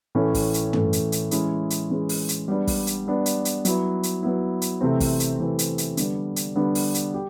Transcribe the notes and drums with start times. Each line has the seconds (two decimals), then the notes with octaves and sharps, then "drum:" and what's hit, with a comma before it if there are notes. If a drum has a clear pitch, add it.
0.15 A2 E3 A3 C#4
0.35 drum: kick, open hi-hat
0.54 drum: hi-hat
0.73 A2 E3 A3 C#4, drum: tom
0.93 drum: hi-hat
1.12 drum: hi-hat
1.31 E3 G#3 C#4 E4 G#4, drum: hi-hat
1.70 drum: hi-hat
1.90 E3 G#3 C#4 E4 G#4
2.09 drum: open hi-hat
2.29 drum: hi-hat
2.48 G3 B3 D4
2.67 drum: kick, open hi-hat
2.87 drum: hi-hat
3.07 G3 B3 D4
3.26 drum: hi-hat
3.45 drum: hi-hat
3.65 F#3 B3 E4, drum: hi-hat
4.03 drum: hi-hat
4.23 F#3 B3 E4
4.62 drum: hi-hat
4.81 C3 E3 A3 C4
5.00 drum: kick, open hi-hat
5.20 drum: hi-hat
5.39 C3 E3 A3 C4
5.59 drum: hi-hat
5.78 drum: hi-hat
5.97 D3 G3 B3 D4, drum: hi-hat
6.36 drum: hi-hat
6.56 D3 G3 B3 D4
6.75 drum: open hi-hat
6.94 drum: hi-hat
7.14 G4